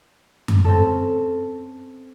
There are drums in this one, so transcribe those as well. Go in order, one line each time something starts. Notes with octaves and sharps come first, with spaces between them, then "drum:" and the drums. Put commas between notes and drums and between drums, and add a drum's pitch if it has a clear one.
drum: tom F#2
C4 C#4 A4